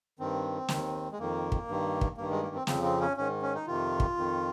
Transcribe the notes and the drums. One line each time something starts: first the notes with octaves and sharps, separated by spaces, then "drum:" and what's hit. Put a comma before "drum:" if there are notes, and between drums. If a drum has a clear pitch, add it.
G2 D#3 C4
D#2 D#3, drum: snare
G#3
F2 D#3 A#3
drum: kick
G2 D#3
drum: kick
G2 D#3 A#3
G#3
A#3
C4
F2 C#3 F3 C4, drum: snare
C4
C#4
G#2 D#3 C#4
C#4
D#4
F2 C3 D#3 F4
drum: kick
F2 D#3